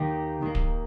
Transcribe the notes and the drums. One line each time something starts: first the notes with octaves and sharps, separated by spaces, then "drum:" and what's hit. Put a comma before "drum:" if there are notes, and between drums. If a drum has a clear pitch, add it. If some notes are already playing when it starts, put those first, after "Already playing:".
Already playing: D#2 D#3 A#3 D#4 G4
D#2 D#3 A#3
drum: kick D1